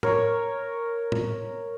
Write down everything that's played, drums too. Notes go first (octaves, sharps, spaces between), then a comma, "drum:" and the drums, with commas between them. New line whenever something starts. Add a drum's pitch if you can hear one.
A#4 C#5, drum: tom A2
drum: tom A2